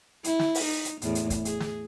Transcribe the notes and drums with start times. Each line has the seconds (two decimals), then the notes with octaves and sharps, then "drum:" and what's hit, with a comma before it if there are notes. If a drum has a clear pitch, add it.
0.24 E4, drum: hi-hat
0.39 drum: snare
0.55 drum: open hi-hat
0.64 D#4
0.85 drum: hi-hat
1.02 E2 A2, drum: hi-hat
1.15 drum: hi-hat
1.30 drum: kick, hi-hat
1.45 G#4, drum: hi-hat
1.60 drum: snare